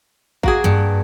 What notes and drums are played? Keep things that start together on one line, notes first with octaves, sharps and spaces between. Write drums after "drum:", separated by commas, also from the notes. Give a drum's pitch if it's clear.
A#3 F#4 G#4, drum: kick A1
G2